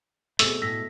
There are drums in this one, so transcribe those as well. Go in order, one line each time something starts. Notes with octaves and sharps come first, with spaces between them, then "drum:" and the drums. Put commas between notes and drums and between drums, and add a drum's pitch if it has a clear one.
B2 A3 C4 G#4 E6, drum: hi-hat
A2 E6 A#6 B6